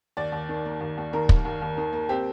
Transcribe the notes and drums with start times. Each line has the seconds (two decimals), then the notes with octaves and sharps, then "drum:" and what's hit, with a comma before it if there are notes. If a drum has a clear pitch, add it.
0.17 D#2 D5
0.32 D#2
0.49 D#3
0.65 A#3
0.81 D#2
0.98 D#2
1.13 D#3 A#4
1.29 A#3, drum: kick
1.45 D#2
1.62 D#2
1.77 D#3
1.93 A#3
2.09 C4 G4